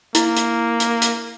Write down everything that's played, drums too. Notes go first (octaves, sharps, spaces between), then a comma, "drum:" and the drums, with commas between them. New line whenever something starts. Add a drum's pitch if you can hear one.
A#3 E4, drum: hi-hat
drum: hi-hat
drum: hi-hat
drum: hi-hat